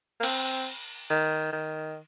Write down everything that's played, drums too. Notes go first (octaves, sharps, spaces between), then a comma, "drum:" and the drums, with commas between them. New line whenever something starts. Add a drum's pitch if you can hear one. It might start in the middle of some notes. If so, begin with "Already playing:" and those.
A#3
C4, drum: cymbal
D#3, drum: tambourine
D#3